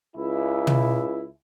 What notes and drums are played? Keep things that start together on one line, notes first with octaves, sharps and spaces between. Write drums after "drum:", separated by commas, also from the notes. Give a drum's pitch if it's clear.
C#2 E4
drum: tom